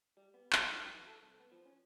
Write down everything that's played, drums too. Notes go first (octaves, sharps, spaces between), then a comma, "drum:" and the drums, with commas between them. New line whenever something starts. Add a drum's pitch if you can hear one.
G3
B3
F#3, drum: clap
D#4
F#3
E3
A4
C2
B3
F3
C#4